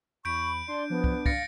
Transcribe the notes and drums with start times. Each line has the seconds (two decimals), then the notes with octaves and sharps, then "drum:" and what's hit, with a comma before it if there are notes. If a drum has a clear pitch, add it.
0.25 E2 B5 C#6 G6 D7
0.68 D4 D5 C6
0.90 F3 B3
1.04 drum: kick
1.26 F5 A6 A#6 C#7, drum: kick